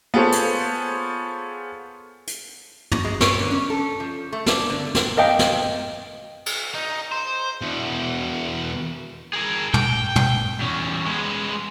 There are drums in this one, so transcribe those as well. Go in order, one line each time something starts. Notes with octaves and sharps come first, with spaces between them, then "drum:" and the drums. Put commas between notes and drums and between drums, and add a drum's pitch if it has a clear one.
B3 F4 G#4 A4 C5 C#5
drum: hi-hat
drum: hi-hat
F#4, drum: tom
G#3
C#5, drum: snare
D3
C#4
A4
F3
A3
D4, drum: snare
D3
drum: snare
A#4 D#5 F5 G5
drum: snare
drum: cymbal
D#4
C5
E2 B2
G#4 A#4
G5, drum: tom
drum: tom
E2 C#4
G#3 B3